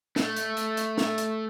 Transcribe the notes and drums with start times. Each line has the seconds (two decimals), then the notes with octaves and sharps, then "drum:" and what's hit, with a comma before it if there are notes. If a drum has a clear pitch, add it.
0.16 A3, drum: snare
0.36 drum: hi-hat
0.57 drum: hi-hat
0.77 drum: hi-hat
0.98 drum: snare
1.18 drum: hi-hat